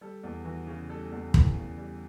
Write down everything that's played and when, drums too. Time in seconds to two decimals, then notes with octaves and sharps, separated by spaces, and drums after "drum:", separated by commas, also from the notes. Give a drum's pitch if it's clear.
0.01 G3 A4
0.23 E2
0.45 E3 F#4
0.67 C#3
0.90 G3 A4
1.12 E2
1.34 E3, drum: kick
1.55 C#3
1.78 G3